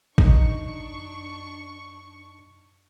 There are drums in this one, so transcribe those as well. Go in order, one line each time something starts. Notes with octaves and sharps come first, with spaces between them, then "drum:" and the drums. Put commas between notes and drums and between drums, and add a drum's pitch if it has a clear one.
F#2 D4 D#4 C#6, drum: kick